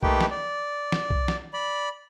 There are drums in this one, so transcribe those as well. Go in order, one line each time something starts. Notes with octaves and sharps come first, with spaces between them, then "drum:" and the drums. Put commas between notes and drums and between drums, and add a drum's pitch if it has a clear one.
A3 A#3 D#4 G4 B4 G5, drum: kick
drum: snare
D5
drum: snare
drum: kick
drum: snare
D5 B5